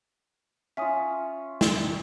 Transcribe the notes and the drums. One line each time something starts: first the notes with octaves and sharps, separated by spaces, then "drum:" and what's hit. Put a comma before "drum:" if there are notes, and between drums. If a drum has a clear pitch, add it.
C#4 F4 E5 G#5 D#6
drum: snare